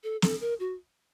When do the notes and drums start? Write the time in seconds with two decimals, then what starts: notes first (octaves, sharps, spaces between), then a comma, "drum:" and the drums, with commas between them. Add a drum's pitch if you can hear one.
0.04 A4
0.22 A4, drum: snare
0.41 A#4
0.60 F#4